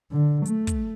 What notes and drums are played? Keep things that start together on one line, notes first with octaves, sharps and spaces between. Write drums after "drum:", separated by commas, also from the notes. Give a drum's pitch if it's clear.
D3
A3, drum: hi-hat
drum: kick, hi-hat